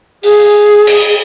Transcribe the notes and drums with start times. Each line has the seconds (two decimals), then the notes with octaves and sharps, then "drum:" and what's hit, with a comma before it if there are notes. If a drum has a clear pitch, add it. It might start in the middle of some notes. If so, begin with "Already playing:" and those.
0.23 G#4, drum: open hi-hat
0.87 drum: cymbal